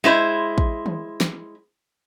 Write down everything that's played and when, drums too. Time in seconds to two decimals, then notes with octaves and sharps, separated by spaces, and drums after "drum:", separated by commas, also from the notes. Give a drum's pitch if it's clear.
0.04 G#3 E4 C5
0.58 drum: kick
0.86 drum: tom D#3
1.21 drum: snare